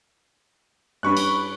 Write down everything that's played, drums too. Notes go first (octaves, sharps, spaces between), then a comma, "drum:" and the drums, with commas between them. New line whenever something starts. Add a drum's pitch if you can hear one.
G2 C#4 B5 C#6 F#6
drum: cymbal